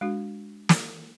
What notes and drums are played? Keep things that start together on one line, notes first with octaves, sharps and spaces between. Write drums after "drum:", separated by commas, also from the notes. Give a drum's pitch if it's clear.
G#3 D4 F#4
drum: snare